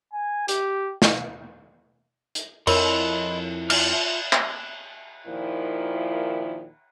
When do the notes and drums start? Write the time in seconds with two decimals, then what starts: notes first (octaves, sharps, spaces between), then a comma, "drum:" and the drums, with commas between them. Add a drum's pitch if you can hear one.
0.13 G#5
0.48 G4, drum: hi-hat
1.02 drum: snare
2.35 drum: hi-hat
2.67 F2 E4 A#4 C#5 D#5 B5 C6 E6, drum: cymbal
3.70 F4 E5 F6, drum: cymbal
4.33 drum: clap
5.27 D#2 A#2 D#3 F3 E4